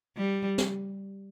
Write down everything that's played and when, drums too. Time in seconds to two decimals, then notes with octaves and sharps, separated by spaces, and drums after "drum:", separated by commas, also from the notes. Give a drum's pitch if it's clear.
0.17 G3
0.58 drum: snare